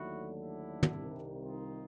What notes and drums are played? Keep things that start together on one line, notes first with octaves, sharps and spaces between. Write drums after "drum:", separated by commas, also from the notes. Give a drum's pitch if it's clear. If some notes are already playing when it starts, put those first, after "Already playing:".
Already playing: D#2 D3 F#3 A3 E4 F#4
D4 E4
drum: tom
C2 C3 D#3 G3
D#4 F4